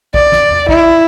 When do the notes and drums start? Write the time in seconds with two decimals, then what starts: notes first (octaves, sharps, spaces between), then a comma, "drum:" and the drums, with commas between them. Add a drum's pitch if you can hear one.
0.14 D5, drum: kick
0.32 drum: snare
0.51 drum: tom E2
0.69 E4, drum: kick